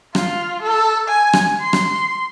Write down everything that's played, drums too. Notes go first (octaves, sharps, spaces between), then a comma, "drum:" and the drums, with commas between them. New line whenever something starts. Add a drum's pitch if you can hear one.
F4, drum: rim click
A4
G#5
drum: rim click
C6
drum: rim click